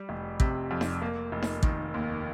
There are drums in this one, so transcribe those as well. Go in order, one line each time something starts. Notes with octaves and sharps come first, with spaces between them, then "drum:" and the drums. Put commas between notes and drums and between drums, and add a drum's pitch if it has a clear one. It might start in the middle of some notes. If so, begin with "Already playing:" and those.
Already playing: G3
F1
C3, drum: kick
F2
drum: snare D#4
A#3
F1
drum: snare D#4
D#3, drum: kick
D#2